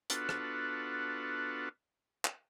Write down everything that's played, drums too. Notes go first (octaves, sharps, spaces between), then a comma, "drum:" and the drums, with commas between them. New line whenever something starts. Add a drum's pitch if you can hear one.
B3 D4 F4 F#4 A4 B4, drum: hi-hat
drum: rim click
drum: clap